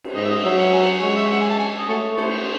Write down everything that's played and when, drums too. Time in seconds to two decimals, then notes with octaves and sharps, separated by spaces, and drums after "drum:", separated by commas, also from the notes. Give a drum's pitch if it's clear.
0.04 drum: cymbal
0.15 G#2 D#5
0.24 E5
0.30 D#5
0.44 F#3 E5
0.59 F#5
0.73 G#5
0.82 F#5
1.02 G#3 C#5
1.16 E5
1.31 F#5
1.40 G#5
1.50 A5
1.59 G#5
1.79 D#5
1.88 A3 F#4 A4 C#5
2.17 E4 A4 C5, drum: cymbal